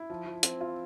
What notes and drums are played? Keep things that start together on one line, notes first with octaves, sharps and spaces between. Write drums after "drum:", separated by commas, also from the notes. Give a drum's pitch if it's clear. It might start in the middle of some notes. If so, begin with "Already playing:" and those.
Already playing: E4
F3
F3
C4, drum: hi-hat
F4